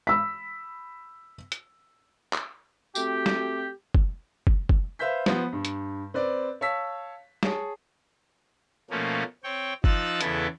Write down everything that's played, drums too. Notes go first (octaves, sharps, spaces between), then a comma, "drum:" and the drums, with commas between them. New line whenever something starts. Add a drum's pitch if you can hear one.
B5 E6 B6
drum: hi-hat
drum: clap
A3 C4 F#4 G4, drum: tambourine
drum: snare
drum: kick
drum: kick
drum: kick
B4 C5 E5 F5 G6 B6
F3 B3 C5, drum: snare
G2
drum: hi-hat
C4 B4 D5
C#5 F5 A5 E6 B6
G#4 C#5 A5, drum: snare
B2 F3 A3 A#3 C#4
C4 C#5 G5
F3 D#4 E6 F#6 A6, drum: kick
E2 C#3 B3 E4 A4 A5, drum: hi-hat